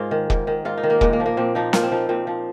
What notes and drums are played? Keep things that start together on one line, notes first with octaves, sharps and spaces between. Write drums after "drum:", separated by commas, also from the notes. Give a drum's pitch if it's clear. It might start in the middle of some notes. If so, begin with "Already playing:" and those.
Already playing: G#2 F4 G#4 A#4
D#3
G#2, drum: kick
D#3
G#2 F4
D#4
D#3
A#3
A#2 G#3, drum: kick
A#3
F3
A#3
A#2 C4
F3 D#4
A#2 F4, drum: snare
C4
F3 D#4
A#2 C4
F3